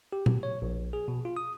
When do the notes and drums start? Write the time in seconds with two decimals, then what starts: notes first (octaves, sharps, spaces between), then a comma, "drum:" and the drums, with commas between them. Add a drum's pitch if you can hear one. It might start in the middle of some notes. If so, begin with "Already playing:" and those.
0.13 G4
0.26 B2, drum: tom A#2
0.43 C#5
0.62 A#1
0.93 G#4
1.08 B2
1.25 F4
1.36 D#6